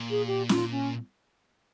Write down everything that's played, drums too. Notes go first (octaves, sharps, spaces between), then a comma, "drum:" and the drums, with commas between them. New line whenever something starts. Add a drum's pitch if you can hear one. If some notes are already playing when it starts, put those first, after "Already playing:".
Already playing: A#2
G#4
G4
F4, drum: snare C#4
C#4